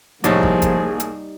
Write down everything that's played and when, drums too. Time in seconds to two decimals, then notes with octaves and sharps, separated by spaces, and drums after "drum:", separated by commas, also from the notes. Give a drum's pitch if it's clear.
0.24 C2 A2 F3 G3 A#3 D#4 G#4 C#5, drum: hi-hat
0.43 drum: kick
0.62 drum: kick, hi-hat
1.00 drum: hi-hat